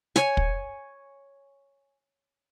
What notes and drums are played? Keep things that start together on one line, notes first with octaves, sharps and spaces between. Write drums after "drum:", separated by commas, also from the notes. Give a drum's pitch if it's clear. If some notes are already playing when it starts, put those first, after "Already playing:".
C#5 G#5, drum: snare
drum: kick